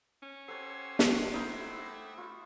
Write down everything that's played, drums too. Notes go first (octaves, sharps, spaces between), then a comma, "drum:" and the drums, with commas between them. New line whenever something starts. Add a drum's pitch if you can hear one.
C#4
G4 A4 C5 C#5 F#5 E6
drum: snare
A3 D#4 E4
F4 F#4